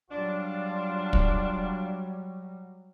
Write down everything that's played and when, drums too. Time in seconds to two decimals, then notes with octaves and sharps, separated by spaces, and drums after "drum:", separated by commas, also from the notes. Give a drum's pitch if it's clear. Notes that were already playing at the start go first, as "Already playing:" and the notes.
0.10 F#3 G3 D4 F4
1.13 drum: kick